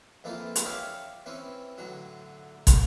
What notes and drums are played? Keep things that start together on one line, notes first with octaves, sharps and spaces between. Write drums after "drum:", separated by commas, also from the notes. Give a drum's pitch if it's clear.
F2 E3 A3 A#3 F4
drum: hi-hat
C#4 D4 C#5 E5 F5 G5
E3 C4 C#4
A2 D3 F#3
drum: kick, hi-hat